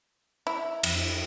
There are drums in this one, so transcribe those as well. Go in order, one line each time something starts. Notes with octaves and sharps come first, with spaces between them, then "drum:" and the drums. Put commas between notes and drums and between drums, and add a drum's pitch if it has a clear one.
E4
F2, drum: cymbal